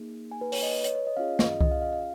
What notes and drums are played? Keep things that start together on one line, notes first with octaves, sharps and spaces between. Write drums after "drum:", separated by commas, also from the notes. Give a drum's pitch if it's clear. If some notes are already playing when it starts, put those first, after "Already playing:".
Already playing: A#3 D#4 G#4
G#5
B4
C#5, drum: open hi-hat
D#5
B4
C#5, drum: hi-hat
C#5
D#5
C#4 F4 G#4 F5
D#5, drum: snare
D#5, drum: kick C2
F5
F5
F5